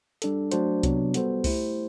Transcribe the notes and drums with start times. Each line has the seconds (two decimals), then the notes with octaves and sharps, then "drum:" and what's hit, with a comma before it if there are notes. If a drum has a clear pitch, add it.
0.22 G3 D4 A4, drum: hi-hat
0.51 F#3 A3 D4 F#4 C5, drum: hi-hat
0.83 C3 F#3 B3 D4, drum: kick C2, hi-hat
1.14 G3 B3 F#4 A4 C5, drum: hi-hat
1.44 A3 E4 G4 C5, drum: kick C2, open hi-hat